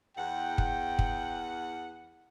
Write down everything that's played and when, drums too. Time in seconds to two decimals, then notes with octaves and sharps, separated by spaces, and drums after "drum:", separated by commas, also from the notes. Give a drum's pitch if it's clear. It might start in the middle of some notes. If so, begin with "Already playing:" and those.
0.17 E2 F#5 G5
0.58 drum: kick
0.99 drum: kick